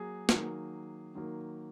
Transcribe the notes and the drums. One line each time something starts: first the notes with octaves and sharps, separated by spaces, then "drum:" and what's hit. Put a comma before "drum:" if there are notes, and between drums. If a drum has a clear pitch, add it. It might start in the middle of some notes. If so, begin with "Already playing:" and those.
Already playing: F#3 A#3 G#4
D#3 F#3 A#3, drum: snare
D#3 F#3 A#3